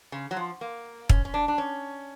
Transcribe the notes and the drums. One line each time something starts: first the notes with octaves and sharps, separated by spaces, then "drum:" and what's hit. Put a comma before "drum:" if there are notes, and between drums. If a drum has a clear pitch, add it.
C#3
F#3
F3
A#3
C#4, drum: kick
C#4
D4
D4
C#4